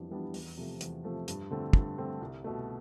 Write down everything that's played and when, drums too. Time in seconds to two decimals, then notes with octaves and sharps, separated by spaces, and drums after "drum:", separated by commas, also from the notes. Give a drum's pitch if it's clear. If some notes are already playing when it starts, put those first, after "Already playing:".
Already playing: F2 E3 G3 B3 D4
0.10 E3 G3 B3 D4
0.34 E2, drum: open hi-hat
0.57 C3 F3 A3
0.81 E2, drum: hi-hat
1.04 C3 F3 A3
1.28 G2, drum: hi-hat
1.51 D3 A3 C4
1.73 G2, drum: kick
1.98 D3 A3 C4
2.21 C2
2.44 B2 A3